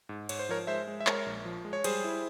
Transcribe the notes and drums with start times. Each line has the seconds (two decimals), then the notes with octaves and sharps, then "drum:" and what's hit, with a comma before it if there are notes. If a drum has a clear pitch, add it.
0.09 G#2
0.29 G#2 C#5, drum: cymbal
0.39 C5
0.49 F3 A#4 C#5
0.67 G#3 C5 E5
0.87 G#3
1.00 E5
1.07 G#3 A#4 C#5, drum: clap
1.26 A#1
1.45 F3
1.65 G#3
1.73 C#5
1.84 G3 G#4 C5, drum: cymbal
2.04 E4